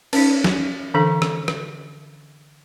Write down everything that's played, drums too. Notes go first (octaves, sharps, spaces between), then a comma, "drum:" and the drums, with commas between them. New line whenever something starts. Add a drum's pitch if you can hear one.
C#4 D#4, drum: cymbal
drum: snare
D3 E3 D4 A4 F5
drum: rim click
drum: rim click